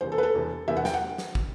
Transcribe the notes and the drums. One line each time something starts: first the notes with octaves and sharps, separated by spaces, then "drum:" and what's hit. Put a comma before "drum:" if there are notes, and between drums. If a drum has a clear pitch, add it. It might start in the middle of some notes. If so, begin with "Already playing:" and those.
E1 E2 C3 C5
A4
B4
A4
E1 E2 C3
E1 E2 C3 E5
F#5
G5, drum: snare
F#5
drum: snare
drum: kick